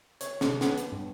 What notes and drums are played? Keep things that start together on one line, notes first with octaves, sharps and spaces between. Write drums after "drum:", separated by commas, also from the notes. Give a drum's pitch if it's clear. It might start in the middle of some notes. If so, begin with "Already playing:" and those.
C#5, drum: hi-hat
C3, drum: snare
B3, drum: snare
drum: hi-hat
G2